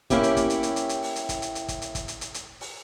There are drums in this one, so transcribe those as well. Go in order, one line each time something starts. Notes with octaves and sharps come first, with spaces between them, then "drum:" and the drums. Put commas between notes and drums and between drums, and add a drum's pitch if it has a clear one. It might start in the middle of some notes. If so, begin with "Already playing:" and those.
A#3 C#4 E4 G4, drum: kick, hi-hat
drum: hi-hat
drum: kick, hi-hat
drum: hi-hat
drum: hi-hat
drum: hi-hat
drum: hi-hat
drum: open hi-hat
drum: hi-hat
drum: kick, hi-hat
drum: hi-hat
drum: hi-hat
drum: kick, hi-hat
drum: hi-hat
drum: kick, hi-hat
drum: hi-hat
drum: hi-hat
drum: hi-hat
drum: open hi-hat